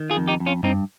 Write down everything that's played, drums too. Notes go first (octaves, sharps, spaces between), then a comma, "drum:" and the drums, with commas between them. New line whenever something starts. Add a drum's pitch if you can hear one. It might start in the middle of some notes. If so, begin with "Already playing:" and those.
Already playing: D#3
F4 G#4
F2
D#4 G4
F2
C#4 F4
G2 C4 D#4, drum: tom F#2